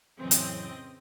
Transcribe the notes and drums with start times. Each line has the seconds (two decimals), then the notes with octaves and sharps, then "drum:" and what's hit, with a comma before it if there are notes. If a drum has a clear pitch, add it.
0.19 F2 A2 C#3 E3 F#3 C4 D#5
0.31 drum: hi-hat